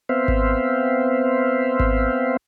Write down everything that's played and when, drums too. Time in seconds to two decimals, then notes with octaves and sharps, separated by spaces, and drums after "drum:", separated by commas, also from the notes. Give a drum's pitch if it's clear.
0.09 B3 C4 C5 E5 F5
0.28 drum: kick G#1
1.80 drum: kick G#1